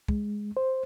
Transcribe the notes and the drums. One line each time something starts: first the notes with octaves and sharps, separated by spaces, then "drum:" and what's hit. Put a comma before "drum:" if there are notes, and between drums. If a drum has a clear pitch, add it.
G#3, drum: kick
C5